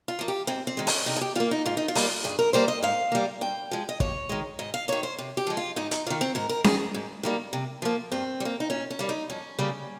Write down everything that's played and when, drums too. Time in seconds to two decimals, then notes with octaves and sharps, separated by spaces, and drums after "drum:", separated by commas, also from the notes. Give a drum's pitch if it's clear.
0.08 F4
0.19 F3 A#3
0.28 G4
0.47 G#2 C4
0.67 C4
0.77 D#3 G#3
0.87 C#4, drum: open hi-hat
1.06 C3 D#4
1.16 G#4
1.21 G4
1.35 G3 A#3 F4
1.51 D#4
1.66 G#2 F4
1.77 D#4
1.88 F4
1.95 G3 A#3, drum: open hi-hat
2.24 G2 G#4
2.39 A#4
2.53 G3 A#3 C5
2.68 D#5
2.83 G#2 F5
3.12 G3 A#3
3.41 G2 G5
3.71 F3 G#3
3.89 D#5
4.00 D#2 C#5, drum: kick
4.29 D#3 G#3
4.59 G#2 D#5
4.74 F5
4.88 D#3 A#3 C#5
5.03 C5
5.18 C3
5.37 G4
5.47 F3 G#3
5.57 F4
5.76 G#2 D#4
5.91 D#4, drum: hi-hat
6.06 D#3 A#3 F4
6.21 C4
6.35 G#2 A#4
6.49 A#4
6.64 D#3 G#3 G#4, drum: snare C#4
6.94 G#2
7.23 D#3 G3 A#3
7.53 C3
7.82 F3 A#3
8.12 G2 C4
8.40 G3
8.45 A#3
8.60 D#4
8.70 A#2 C#4
8.90 C#4
8.99 G3 A#3
9.09 D#4
9.30 F2 C#4
9.59 C#3 G3 A#3